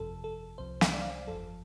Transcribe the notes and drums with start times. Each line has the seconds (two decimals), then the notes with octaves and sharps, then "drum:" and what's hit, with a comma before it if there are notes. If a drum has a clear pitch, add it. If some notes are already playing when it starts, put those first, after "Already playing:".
Already playing: G1 F2 C3 F3 A4
0.24 A4
0.58 C2 C3 F3 C5
0.81 drum: snare
0.93 D5
1.02 F5
1.10 D5
1.27 G1 F2 F3 A4